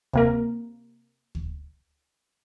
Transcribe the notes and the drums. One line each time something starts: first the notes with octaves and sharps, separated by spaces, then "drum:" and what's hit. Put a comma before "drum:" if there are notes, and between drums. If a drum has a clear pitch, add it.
C3 A#3 A#4, drum: kick D2
drum: kick D2